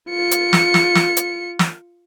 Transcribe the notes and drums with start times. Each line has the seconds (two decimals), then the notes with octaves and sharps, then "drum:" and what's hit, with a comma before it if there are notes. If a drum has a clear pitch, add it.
0.10 F4 C#7
0.31 drum: hi-hat
0.53 drum: snare
0.74 drum: snare
0.95 drum: snare
1.17 drum: hi-hat
1.59 drum: snare